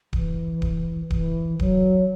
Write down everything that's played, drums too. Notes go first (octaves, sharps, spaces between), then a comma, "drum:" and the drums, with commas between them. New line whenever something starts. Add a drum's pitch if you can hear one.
E3, drum: kick D1
drum: kick D1
E3, drum: kick D1
F#3, drum: kick D1